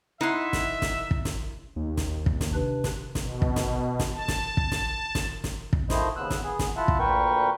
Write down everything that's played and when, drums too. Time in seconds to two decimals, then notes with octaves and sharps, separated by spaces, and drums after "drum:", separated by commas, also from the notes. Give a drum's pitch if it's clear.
0.21 D#4 E4 E5 F#5 C6
0.53 drum: snare
0.82 drum: snare
1.11 drum: kick
1.25 drum: snare
1.76 D#2
1.97 drum: snare
2.26 drum: kick
2.41 drum: snare
2.54 C3 D4 B4
2.84 drum: snare
3.15 B2, drum: snare
3.42 drum: kick
3.56 drum: snare
3.99 drum: snare
4.14 A5
4.28 drum: snare
4.57 drum: kick
4.72 drum: snare
5.15 drum: snare
5.44 drum: snare
5.73 drum: kick
5.90 D#3 F3 A3 E4 C5 D#5, drum: snare
6.16 D#2 C#3 B3 E6 F#6
6.30 drum: snare
6.43 B3 G#4
6.59 drum: snare
6.76 E4 F4 E5 F#5 A5
6.88 drum: kick
6.99 D2 A#2 A#4 B4 G5 C#6